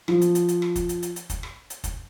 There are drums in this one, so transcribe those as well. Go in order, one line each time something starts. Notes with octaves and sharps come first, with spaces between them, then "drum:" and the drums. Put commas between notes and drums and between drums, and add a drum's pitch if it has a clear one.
F3, drum: rim click
drum: hi-hat
drum: hi-hat
drum: hi-hat
drum: rim click
drum: kick, hi-hat
drum: hi-hat
drum: hi-hat
drum: hi-hat
drum: kick, hi-hat
drum: rim click
drum: hi-hat
drum: kick, hi-hat